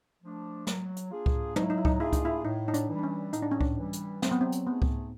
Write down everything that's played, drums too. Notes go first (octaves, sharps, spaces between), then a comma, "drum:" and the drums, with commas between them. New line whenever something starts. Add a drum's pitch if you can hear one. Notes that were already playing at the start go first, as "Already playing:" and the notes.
F3 A3 D4
F#3, drum: snare
drum: hi-hat
A#3 D4 F4 G#4
drum: kick C#2
F#3 D#4, drum: tom
E4
D#4
E4
D#4, drum: kick C#2
A#3 D4 E4 F4 G#4
D#4, drum: kick C#2, hi-hat
E4
A2 D#4
D#4
D4, drum: hi-hat
E3 G3
D4
C#4
A2 D#4, drum: hi-hat
D4
C#4
D4, drum: kick C#2
E3 G3
drum: hi-hat
F#3 C4, drum: snare
B3
C4
drum: hi-hat
A3 B3 C4 D#4 G#4
drum: kick C#2